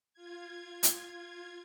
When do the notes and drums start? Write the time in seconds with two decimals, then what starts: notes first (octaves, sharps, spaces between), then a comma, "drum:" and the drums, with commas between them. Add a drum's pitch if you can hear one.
0.14 F4 G#6
0.83 drum: hi-hat